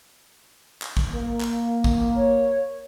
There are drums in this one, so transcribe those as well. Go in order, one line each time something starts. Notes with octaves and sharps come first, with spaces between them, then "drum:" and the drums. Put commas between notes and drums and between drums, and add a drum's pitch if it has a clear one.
drum: clap
drum: kick
A#3
drum: clap
drum: kick
C#5